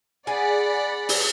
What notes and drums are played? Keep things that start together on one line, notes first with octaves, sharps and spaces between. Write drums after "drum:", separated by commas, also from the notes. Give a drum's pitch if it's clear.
G#4 D5 F#5 B5
drum: open hi-hat